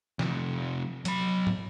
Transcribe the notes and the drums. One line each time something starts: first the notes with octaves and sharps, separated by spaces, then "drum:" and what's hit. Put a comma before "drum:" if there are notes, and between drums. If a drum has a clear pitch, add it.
C3 F3, drum: snare
F#3 B5, drum: hi-hat
drum: tom